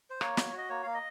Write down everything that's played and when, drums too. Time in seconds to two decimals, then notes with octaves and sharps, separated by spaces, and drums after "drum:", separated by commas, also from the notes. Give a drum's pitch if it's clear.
0.10 C5
0.21 A#3 C#5, drum: rim click
0.37 F#4, drum: snare
0.53 F#4 D#5
0.69 A#3 C#5
0.83 A#3 F5
0.94 D#5